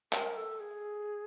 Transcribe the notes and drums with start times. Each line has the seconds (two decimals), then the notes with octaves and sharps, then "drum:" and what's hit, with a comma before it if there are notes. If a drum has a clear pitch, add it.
0.13 A#4, drum: clap
0.36 A4
0.60 G#4